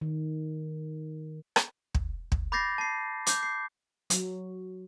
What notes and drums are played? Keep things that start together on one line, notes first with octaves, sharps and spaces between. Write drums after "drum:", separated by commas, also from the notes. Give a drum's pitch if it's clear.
D#3
drum: rim click
drum: kick
drum: kick
B5 D6 G6 A6 A#6 C7
A5 C7
D6 G6, drum: hi-hat
C7
F#3, drum: hi-hat